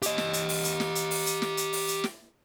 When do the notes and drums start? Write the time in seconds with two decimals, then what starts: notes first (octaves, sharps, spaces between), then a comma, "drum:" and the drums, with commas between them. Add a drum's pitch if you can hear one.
0.02 G4 D#5, drum: hi-hat
0.18 drum: snare
0.33 drum: hi-hat
0.49 drum: open hi-hat
0.64 drum: hi-hat
0.80 drum: snare
0.95 drum: hi-hat
1.11 drum: open hi-hat
1.26 drum: hi-hat
1.42 drum: snare
1.57 drum: hi-hat
1.73 drum: open hi-hat
1.88 drum: hi-hat
2.04 drum: snare